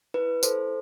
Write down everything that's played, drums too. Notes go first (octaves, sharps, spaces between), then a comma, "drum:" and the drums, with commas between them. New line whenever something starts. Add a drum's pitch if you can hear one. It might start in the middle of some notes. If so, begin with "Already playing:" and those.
E4 B4
A4 C5, drum: tambourine